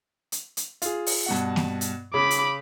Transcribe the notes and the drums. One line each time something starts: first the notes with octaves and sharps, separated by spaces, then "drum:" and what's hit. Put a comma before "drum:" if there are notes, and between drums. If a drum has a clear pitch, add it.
drum: hi-hat
drum: hi-hat
F4 G#4, drum: hi-hat
drum: open hi-hat
G2 B2 F#5
drum: snare A#3
drum: hi-hat
C#3 B5 D6
drum: hi-hat